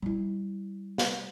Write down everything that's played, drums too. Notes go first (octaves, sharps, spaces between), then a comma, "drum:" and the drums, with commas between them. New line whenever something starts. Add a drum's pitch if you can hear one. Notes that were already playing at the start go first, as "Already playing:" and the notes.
G3 E4
drum: snare